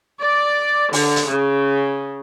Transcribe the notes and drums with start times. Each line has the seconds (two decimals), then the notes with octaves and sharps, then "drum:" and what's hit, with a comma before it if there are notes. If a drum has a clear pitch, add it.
0.20 D5
0.93 D3, drum: open hi-hat
1.16 drum: hi-hat
1.29 C#3